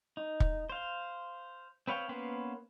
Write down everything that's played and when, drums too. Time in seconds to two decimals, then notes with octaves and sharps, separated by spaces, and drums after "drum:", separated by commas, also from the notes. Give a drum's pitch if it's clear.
0.17 D#4
0.40 drum: kick
0.69 C5 F5
1.87 C4 B4 C#5 F5 G5
2.09 A#3 B3 C#4 B4 C5